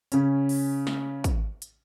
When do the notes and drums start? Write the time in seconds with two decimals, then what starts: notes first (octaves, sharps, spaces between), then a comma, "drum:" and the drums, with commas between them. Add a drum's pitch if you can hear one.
0.12 C#3 C#4, drum: hi-hat
0.49 drum: open hi-hat
0.87 drum: snare
1.24 drum: kick, hi-hat
1.62 drum: hi-hat